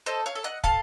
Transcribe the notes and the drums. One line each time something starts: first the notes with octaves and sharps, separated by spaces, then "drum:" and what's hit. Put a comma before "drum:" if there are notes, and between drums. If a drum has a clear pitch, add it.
A4 C5 D#5
C#5 F5
A4
D#5 F#5
A4 F5 A5, drum: kick